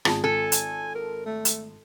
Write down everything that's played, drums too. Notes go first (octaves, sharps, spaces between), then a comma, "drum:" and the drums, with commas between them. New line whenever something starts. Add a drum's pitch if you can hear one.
G#1 F4 G#4 A5, drum: rim click
A4 G#5
drum: hi-hat
A#4
A3
drum: hi-hat